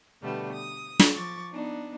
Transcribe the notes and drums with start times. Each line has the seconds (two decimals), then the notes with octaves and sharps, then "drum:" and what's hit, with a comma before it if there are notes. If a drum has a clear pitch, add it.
0.22 B2 D3 G3 A3 B3
0.52 D#6
0.99 drum: snare
1.15 F3 C#6 D6 A6
1.52 B3 D4 D#4